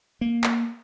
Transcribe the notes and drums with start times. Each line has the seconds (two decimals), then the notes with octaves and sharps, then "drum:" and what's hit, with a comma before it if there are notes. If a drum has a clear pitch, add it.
0.21 A#3
0.44 drum: clap